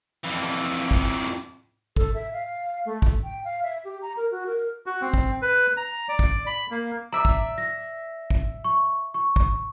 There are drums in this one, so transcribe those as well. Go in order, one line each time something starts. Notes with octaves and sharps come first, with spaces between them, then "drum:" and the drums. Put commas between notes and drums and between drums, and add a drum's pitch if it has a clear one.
F2 E3
drum: kick
A4, drum: kick
E5
F5
A3
drum: kick
G5
F5
E5
G4
A#5
A#4
F#4
A#4
F#4
C4
drum: kick
B4
A#5
D5
drum: kick
B5
A#3
D5 E5 A#5
drum: kick
A#6
drum: kick
C#6
C#6
drum: kick